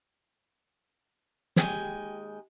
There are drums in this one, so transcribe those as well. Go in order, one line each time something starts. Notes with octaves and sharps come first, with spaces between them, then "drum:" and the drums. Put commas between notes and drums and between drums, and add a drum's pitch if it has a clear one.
D#2 G#3 G5 G#5, drum: snare